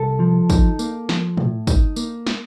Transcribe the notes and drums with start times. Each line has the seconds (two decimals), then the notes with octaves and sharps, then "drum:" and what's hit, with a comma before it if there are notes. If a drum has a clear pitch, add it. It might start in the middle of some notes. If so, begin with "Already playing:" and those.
Already playing: C2 A4
0.20 F3
0.50 D#4, drum: kick, tambourine
0.79 A#3, drum: tambourine
1.09 F3, drum: snare
1.37 A2, drum: tom
1.67 D#4, drum: kick, tambourine
1.96 A#3, drum: tambourine
2.27 drum: snare